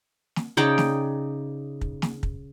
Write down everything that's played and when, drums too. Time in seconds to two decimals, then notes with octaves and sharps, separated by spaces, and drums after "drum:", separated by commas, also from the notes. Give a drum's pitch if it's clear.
0.36 drum: snare
0.57 C#3 D#4 D5 G5
0.78 drum: snare
1.81 drum: kick
2.02 drum: snare
2.23 drum: kick